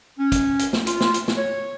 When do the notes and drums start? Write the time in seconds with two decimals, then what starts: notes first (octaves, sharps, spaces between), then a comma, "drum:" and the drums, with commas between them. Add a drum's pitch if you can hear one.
0.18 C#4
0.32 drum: kick, hi-hat
0.59 drum: hi-hat
0.73 drum: snare
0.87 F4, drum: hi-hat
1.00 drum: snare
1.14 drum: hi-hat
1.28 drum: snare
1.37 C#5